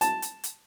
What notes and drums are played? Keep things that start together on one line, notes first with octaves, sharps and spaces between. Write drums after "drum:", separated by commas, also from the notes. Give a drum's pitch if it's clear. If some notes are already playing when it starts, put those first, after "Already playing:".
A5, drum: hi-hat
drum: hi-hat
drum: hi-hat